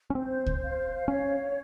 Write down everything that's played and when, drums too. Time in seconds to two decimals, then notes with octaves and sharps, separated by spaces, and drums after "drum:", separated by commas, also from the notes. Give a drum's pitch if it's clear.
0.10 C#4
0.15 C4 C5
0.46 drum: kick C#2
0.62 F5
1.08 C#4 C#5